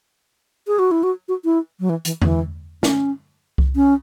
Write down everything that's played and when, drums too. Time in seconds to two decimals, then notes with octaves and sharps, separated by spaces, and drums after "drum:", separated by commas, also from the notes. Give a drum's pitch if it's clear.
0.67 G#4
0.79 F#4
0.91 E4
1.03 F#4
1.28 F#4
1.44 E4
1.80 F#3
1.90 E3
2.05 E3, drum: hi-hat
2.22 E3, drum: tom E2
2.83 C#4, drum: snare
3.58 drum: kick C2
3.76 C#4